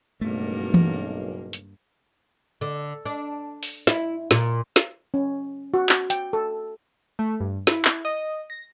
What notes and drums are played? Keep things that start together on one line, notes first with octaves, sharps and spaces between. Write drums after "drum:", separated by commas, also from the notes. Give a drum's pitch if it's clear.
F#1 B1 G2 B2 A3 A#3
drum: tom E3
drum: hi-hat
D3
D4
drum: open hi-hat
E4, drum: snare
A#2, drum: snare
drum: snare
C#4
F#4
drum: clap
G5, drum: hi-hat
A4
A3
G2
E4, drum: snare
drum: clap
D#5
A#6